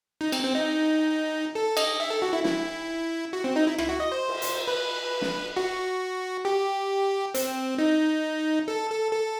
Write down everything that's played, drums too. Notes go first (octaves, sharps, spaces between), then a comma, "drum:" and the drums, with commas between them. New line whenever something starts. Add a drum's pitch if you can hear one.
D#4
C4, drum: cymbal
C4
D#4
A4
D#5, drum: cymbal
E5
A4
F#4
E4
E4, drum: snare
F#4
C4
D#4
E4
E4, drum: rim click
F#4
D#5
C5
drum: cymbal
drum: hi-hat
B4
drum: snare
F#4
G4
C4, drum: hi-hat
D#4
A4
A4
A4